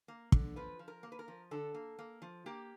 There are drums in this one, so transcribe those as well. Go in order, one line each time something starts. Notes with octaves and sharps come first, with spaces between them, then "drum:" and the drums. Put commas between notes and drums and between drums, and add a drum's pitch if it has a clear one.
A#3
D3, drum: kick
F3 B4
F3
A#4
A#3
B4
A#4
F3
D3 A4
A#3
A#3
F3
A#3 G4